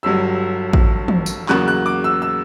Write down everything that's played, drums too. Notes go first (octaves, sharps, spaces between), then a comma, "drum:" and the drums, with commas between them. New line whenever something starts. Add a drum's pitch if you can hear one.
G1 G2 F#3 E6
drum: kick A1
drum: tom
drum: tambourine
E2 C#3 F#3 A#3 F#6, drum: clap
F#6
D6
E6
E6